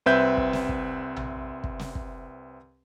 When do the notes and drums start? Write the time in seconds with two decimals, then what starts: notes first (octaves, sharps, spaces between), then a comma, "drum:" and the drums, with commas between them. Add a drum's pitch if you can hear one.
0.06 C2 C4 B4 E5 G6
0.37 drum: kick
0.53 drum: snare
0.69 drum: kick
1.16 drum: tom A#1
1.64 drum: kick
1.79 drum: snare
1.95 drum: kick